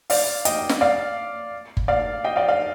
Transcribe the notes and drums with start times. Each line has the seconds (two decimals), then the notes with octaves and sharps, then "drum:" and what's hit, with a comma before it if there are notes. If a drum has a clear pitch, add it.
0.10 D5 F5, drum: open hi-hat
0.45 D#5 G5, drum: hi-hat
0.69 drum: snare
0.81 D5 F5
1.77 drum: kick G1
1.88 D5 F5
2.24 D#5 G5
2.36 D5 F5
2.48 D5 F5